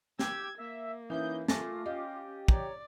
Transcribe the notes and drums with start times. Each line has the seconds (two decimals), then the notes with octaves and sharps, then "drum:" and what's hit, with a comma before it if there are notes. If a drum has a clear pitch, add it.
0.19 G4 E6 G#6, drum: snare
0.58 A#3 E5
1.10 E3 C#4 D#4 E4 D#6 G6
1.48 A3 F4 G#5 D6 A6 A#6, drum: snare
1.86 C#4 G4 D#5 F5
2.48 C#5 D5 A#5, drum: kick